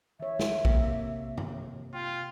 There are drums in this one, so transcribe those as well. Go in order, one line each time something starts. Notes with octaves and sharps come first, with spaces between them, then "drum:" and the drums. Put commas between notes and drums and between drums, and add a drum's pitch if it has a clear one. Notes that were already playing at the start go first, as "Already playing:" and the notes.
E3 C#5 E5
drum: snare
C3 A#3, drum: kick A#1
drum: tom G2
F4 G5